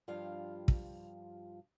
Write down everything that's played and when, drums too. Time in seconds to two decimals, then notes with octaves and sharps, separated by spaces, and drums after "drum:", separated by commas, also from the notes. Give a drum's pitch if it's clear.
0.08 G2 F3 F4 G4 F5
0.68 drum: kick